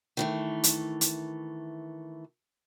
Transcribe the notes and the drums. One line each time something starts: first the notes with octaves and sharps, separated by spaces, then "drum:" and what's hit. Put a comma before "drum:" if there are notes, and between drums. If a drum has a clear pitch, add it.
D#3 E3 A3
drum: hi-hat
drum: hi-hat